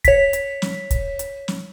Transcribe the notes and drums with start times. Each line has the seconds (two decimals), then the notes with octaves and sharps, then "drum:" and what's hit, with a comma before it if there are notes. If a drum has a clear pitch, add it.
0.05 C#5 B6, drum: kick, hi-hat
0.33 drum: hi-hat
0.62 drum: snare
0.91 drum: kick, hi-hat
1.19 drum: hi-hat
1.48 drum: snare